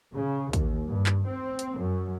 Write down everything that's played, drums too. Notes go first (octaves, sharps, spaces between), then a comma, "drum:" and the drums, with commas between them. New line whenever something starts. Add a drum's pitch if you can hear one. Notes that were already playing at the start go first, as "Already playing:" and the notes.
C#3
D#2, drum: kick, hi-hat
G2
drum: clap
C4
drum: hi-hat
F#2